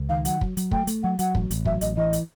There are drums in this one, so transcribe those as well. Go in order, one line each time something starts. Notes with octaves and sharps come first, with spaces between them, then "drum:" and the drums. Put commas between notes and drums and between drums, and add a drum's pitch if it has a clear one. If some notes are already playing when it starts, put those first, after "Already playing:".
Already playing: C#2
D#3 F5
F#3 F#5, drum: hi-hat
F#3, drum: kick
F#3, drum: hi-hat
A3 G5, drum: kick
A3, drum: hi-hat
F#3 F#5
F#3 F#5, drum: hi-hat
A1, drum: kick
A1, drum: hi-hat
F#3 E5, drum: kick
A1 D#5, drum: hi-hat
E3 D#5
drum: hi-hat